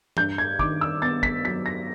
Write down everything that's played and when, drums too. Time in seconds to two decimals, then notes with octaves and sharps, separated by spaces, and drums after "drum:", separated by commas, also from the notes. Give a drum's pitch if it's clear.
0.17 G2 G6, drum: tom E3
0.38 G#6
0.59 D#3 D6, drum: kick
0.81 E6
1.02 B3 A6
1.23 B6, drum: kick
1.45 F#3 B6
1.66 A#6